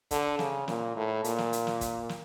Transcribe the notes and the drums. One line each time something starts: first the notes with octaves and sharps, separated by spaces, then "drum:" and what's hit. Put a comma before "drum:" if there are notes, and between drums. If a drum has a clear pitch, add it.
D3, drum: kick, hi-hat
C#3, drum: snare
A#2, drum: snare
A2
A#2, drum: hi-hat
drum: snare
drum: hi-hat
drum: snare
drum: kick, hi-hat
drum: snare